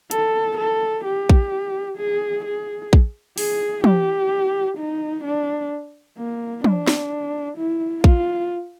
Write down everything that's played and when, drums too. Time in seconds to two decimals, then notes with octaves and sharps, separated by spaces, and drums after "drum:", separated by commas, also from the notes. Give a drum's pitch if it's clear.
0.11 A4, drum: hi-hat
0.58 A4
1.04 G4
1.29 drum: kick
1.97 G#4
2.44 G#4
2.93 drum: kick
3.38 G#4, drum: open hi-hat
3.84 G4, drum: tom
4.77 D#4
5.24 D4
6.18 A#3
6.64 D4, drum: tom
6.87 drum: snare
7.57 E4
8.04 F4, drum: kick